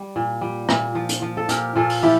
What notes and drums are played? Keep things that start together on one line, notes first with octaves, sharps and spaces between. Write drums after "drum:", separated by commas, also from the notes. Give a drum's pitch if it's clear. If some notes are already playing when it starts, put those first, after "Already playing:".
Already playing: G3
A#2
G3
A#2, drum: rim click
F3
drum: hi-hat
F3
A4
A#2 G4 A#4, drum: hi-hat
A#2 F4 A4
drum: open hi-hat
F3 E4 G4